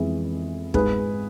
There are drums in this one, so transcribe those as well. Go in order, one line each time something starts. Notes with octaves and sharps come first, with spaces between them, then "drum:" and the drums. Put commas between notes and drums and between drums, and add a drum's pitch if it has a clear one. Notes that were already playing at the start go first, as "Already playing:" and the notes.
Already playing: F2 E3 G#3
G#2 G#3 G#4 B4, drum: kick